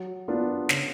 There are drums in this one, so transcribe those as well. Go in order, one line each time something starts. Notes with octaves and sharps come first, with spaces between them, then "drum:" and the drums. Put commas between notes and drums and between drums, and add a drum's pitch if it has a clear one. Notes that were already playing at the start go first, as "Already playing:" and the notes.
Already playing: F#3
B3 D4 F4 A#4
C#3, drum: snare